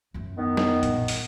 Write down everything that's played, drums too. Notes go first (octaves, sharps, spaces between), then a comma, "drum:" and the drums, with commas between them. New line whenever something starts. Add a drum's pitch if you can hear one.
F#2 A3
D#3 B3
drum: snare
A#1, drum: hi-hat
drum: open hi-hat